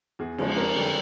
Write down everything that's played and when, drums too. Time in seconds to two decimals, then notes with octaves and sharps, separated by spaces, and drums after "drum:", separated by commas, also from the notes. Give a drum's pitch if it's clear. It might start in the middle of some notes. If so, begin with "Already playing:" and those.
0.19 E2 G#4
0.38 C#3 F3 G#3, drum: cymbal
0.57 F2 A#4
0.76 D3 G3